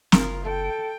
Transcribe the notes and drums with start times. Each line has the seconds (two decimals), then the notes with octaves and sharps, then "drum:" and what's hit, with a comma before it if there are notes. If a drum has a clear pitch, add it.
0.12 F#1 F4 A#4, drum: snare
0.45 A4 G5